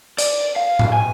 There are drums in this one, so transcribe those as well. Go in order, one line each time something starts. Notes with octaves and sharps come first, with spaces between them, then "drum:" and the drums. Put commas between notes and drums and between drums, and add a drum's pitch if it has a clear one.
D5, drum: hi-hat
F5
drum: tom A2
G#5